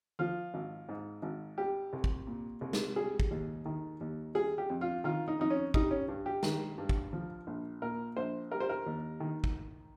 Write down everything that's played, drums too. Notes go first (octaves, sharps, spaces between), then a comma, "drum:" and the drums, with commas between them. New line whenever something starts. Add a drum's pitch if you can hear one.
F3 F4
G#1
G#2
G#1
G3 G4
C2
drum: kick
A#2
C2
drum: snare
G3 G#4
drum: kick
D#2
D#3
D#2
G3 G#4
G4
F2
F4
D#3 F4
D#4
F2 D#4
C#4
G3 D#4, drum: kick
C#4
G2
G4
D#3, drum: snare
G2
drum: kick
F3
A#1
A#2 A#4
A#1 C5
G3 A#4
C5
A#4
D#2
D#3
drum: kick